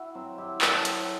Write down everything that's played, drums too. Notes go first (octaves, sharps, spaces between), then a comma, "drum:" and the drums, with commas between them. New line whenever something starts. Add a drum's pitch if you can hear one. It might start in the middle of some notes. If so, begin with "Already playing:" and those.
Already playing: E4 F#4
F#3 C4
E4 G4
F#3 F#4 A4, drum: clap
drum: hi-hat